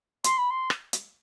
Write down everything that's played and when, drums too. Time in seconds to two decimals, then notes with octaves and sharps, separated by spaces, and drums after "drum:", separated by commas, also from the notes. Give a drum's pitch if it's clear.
0.24 C6, drum: hi-hat
0.38 B5
0.50 C6
0.70 drum: rim click
0.93 drum: hi-hat